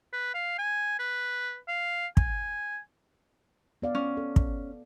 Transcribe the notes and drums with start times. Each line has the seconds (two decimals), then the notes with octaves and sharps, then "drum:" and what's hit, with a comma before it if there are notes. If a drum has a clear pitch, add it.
0.13 B4
0.34 F5
0.59 G#5
0.99 B4
1.68 F5
2.17 G#5, drum: kick
3.82 B3 D5 F5
3.95 C#4
4.17 A4
4.36 drum: kick